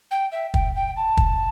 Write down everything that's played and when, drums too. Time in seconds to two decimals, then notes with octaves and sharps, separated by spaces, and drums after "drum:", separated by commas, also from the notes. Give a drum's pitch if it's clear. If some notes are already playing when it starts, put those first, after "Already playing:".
0.11 G5
0.32 E5
0.54 G5, drum: kick
0.75 G5
0.96 A5
1.17 drum: kick